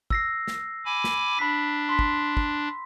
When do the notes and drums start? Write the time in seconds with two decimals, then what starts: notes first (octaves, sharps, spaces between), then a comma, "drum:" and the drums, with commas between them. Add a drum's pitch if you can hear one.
0.10 E6 A#6 C7, drum: kick
0.47 drum: snare
0.85 G#5 B5 D6
1.04 drum: snare
1.39 D4 B5 B6
1.89 C6 B6
1.99 drum: kick
2.37 drum: kick